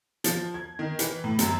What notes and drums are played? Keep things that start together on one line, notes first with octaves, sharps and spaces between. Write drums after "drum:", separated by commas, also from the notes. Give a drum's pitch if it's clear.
F3, drum: hi-hat
G#6
D#3
E3, drum: hi-hat
A2
F#2, drum: hi-hat